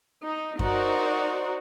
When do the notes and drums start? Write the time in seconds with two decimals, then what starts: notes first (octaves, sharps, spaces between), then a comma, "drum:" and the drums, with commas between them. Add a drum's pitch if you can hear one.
0.24 D#4
0.59 D#4 F#4 A#4 C5 D5, drum: kick F#2